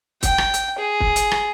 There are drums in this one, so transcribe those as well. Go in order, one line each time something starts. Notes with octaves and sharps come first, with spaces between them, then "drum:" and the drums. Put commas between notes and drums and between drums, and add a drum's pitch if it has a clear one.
G5, drum: kick, hi-hat
drum: rim click
drum: hi-hat
G#4
drum: kick
drum: hi-hat
drum: rim click